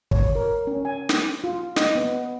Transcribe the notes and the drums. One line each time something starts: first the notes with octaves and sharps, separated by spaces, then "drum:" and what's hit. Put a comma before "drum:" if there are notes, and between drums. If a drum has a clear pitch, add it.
C#5, drum: kick
A#4
C#4
G#5
drum: snare
F4
D#5, drum: snare
B3